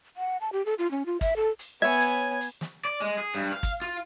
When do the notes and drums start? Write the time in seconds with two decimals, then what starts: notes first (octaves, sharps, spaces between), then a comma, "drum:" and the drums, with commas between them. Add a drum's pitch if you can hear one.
0.17 F#5
0.41 A5
0.53 G4
0.66 A4
0.79 F4
0.91 C#4
1.06 F4
1.21 E5, drum: kick, hi-hat
1.36 A4
1.59 drum: hi-hat
1.82 B3 C#5 E5 G#5 G#6
2.00 drum: hi-hat
2.41 drum: hi-hat
2.61 drum: snare
2.85 D5
3.02 G#3
3.18 G#4
3.35 G2
3.52 F5
3.63 drum: kick, hi-hat
3.82 F4